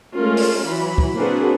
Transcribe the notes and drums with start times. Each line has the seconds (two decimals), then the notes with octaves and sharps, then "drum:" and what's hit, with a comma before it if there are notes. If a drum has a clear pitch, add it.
0.16 G#3 A3 C#4 F4 A#4
0.37 drum: open hi-hat
0.66 E3 F#3 B5
0.98 drum: kick
1.17 A#3 C4 D4 F#4 G#4 B4